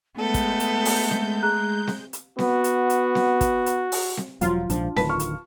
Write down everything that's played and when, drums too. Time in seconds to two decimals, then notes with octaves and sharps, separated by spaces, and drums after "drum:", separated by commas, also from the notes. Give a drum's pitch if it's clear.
0.18 G#3 A3 B3 A4 G6
0.34 drum: kick, hi-hat
0.60 drum: hi-hat
0.85 drum: open hi-hat
1.11 drum: snare C4
1.43 G#4 A#5 F#6
1.87 drum: snare C4
2.13 drum: hi-hat
2.39 B3 F#4, drum: snare C4
2.64 drum: hi-hat
2.90 drum: hi-hat
3.15 drum: snare C4
3.41 drum: kick, hi-hat
3.66 drum: hi-hat
3.92 drum: open hi-hat
4.17 drum: snare C4
4.41 E1 A#2 F3 F#3 F4, drum: hi-hat
4.70 A#1 G#2 F3 D4, drum: hi-hat
4.96 D1 D2 D#3 B4 A5, drum: snare C4
5.10 C#6 F6
5.19 drum: hi-hat